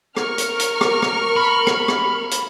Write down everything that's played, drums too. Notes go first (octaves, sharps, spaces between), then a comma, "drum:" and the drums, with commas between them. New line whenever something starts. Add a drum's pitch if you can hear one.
A#4 C#6 F6, drum: rim click
drum: hi-hat
drum: hi-hat
drum: rim click
drum: rim click
B5
drum: rim click
drum: rim click
drum: hi-hat